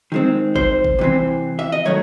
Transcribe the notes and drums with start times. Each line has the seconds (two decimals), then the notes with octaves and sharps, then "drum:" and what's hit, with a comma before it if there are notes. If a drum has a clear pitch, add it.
0.12 D#3 G#3 C4
0.56 C5, drum: kick G#1
0.84 drum: kick G#1
0.99 C3 E3 C4
1.59 E5
1.72 D#5
1.85 D#3 F#3 A3 C#5